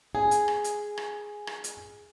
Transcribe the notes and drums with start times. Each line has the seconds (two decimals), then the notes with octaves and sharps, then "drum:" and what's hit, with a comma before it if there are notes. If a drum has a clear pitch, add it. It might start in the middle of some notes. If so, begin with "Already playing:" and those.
0.15 G#4 G#5
0.31 drum: hi-hat
0.48 drum: rim click
0.64 drum: hi-hat
0.97 drum: rim click
1.47 drum: rim click
1.64 drum: hi-hat